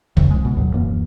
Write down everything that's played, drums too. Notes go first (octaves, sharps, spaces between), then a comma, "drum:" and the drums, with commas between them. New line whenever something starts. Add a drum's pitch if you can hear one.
F2 C#3 E3, drum: kick
C2 G#3
B2
D#2 A2 F#3
D1 F#2 E3 A#3